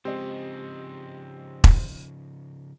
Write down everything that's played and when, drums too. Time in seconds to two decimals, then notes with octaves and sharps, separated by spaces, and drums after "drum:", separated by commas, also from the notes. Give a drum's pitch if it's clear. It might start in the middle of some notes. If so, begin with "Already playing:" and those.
0.05 C#3 F3 G#3 C4 G4 D#5
1.64 drum: kick E1